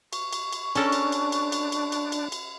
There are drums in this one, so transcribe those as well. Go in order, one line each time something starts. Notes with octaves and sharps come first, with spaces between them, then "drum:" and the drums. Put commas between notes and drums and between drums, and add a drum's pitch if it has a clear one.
C#6, drum: cymbal
drum: cymbal
drum: cymbal
C#4 D4 A4 A#4, drum: cymbal
drum: cymbal
drum: cymbal
drum: cymbal
drum: cymbal
drum: cymbal
drum: cymbal
drum: cymbal
drum: cymbal